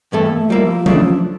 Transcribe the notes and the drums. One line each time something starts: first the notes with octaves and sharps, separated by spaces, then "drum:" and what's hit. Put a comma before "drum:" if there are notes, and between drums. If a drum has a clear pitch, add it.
G2 E3 A3 E4 A4
A#3
A3
F3 G3 A#3 E4
C#3 E3 A3 D4, drum: tom F#3